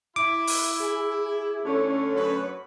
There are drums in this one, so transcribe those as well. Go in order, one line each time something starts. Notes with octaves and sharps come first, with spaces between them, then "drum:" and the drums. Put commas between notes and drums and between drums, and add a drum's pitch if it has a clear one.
E4 D6
drum: open hi-hat
G#4
D3 A3 C#4 C#5
F#2 F#4 B4